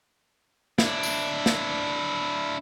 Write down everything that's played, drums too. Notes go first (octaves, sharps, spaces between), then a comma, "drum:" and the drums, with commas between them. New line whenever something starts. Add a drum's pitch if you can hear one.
D4 E4, drum: snare
drum: tambourine
drum: snare